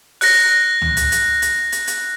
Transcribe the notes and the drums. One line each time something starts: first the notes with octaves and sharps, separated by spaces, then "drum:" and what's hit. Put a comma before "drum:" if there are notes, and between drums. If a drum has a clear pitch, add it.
F#6 A#6, drum: open hi-hat
drum: tom C#2
drum: hi-hat
drum: hi-hat
drum: hi-hat
drum: hi-hat
drum: hi-hat